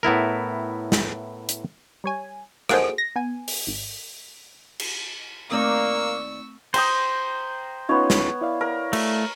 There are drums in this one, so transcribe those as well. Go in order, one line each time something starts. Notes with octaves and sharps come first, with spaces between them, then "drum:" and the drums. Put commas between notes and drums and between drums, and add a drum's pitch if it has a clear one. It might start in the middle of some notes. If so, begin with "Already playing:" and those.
A2 B3 E4 A#4
drum: snare
drum: hi-hat
G3 C#5 G#5
A#3 D#4 F#4 G#4 A4 C5, drum: rim click
A#6
B3 G#5
drum: open hi-hat
G#1
drum: cymbal
D#2 A3 A#3 C4 D5 C#6 D#6 E6
C5 G5 A#5 D#6, drum: cymbal
B3 C#4 D#4 F4 C#5
drum: snare
E4 D5 F5
A#4
A3, drum: cymbal